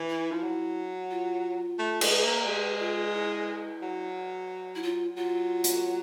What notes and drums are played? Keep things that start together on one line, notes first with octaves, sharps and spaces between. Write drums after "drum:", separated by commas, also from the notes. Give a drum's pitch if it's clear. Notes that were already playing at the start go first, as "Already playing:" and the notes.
Already playing: E3
E4
F3
F#3
F4
A3
G#3, drum: cymbal
A#3
G#3 G4
F4
E4
F#3
E4
F4
F#3 F4
drum: hi-hat